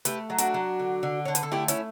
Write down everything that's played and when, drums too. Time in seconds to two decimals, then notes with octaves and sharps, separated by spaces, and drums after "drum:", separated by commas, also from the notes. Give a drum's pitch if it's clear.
0.05 A3 G4 B4, drum: hi-hat
0.30 F#3
0.38 D4 F#4, drum: hi-hat
0.54 F#3
0.80 D3
1.03 D3
1.25 D3 C#5
1.35 B4, drum: hi-hat
1.43 A4
1.52 A3 E4 G4
1.68 C#4 E4, drum: hi-hat